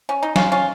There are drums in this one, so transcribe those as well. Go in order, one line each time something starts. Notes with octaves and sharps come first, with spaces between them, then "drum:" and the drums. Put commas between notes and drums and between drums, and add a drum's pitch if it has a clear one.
C#4
D#4
C#4 F4, drum: snare
C#4 F4